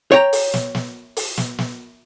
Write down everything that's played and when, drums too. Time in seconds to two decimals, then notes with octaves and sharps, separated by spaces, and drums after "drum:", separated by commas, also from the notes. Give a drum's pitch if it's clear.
0.12 C#5 G5 A#5
0.33 drum: open hi-hat
0.54 drum: snare
0.75 drum: snare
1.17 drum: open hi-hat
1.38 drum: snare
1.58 drum: snare